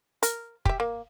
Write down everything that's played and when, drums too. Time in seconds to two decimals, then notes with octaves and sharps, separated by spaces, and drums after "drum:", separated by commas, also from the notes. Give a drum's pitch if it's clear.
0.23 A#4, drum: hi-hat
0.65 G4 E5, drum: kick
0.80 A#3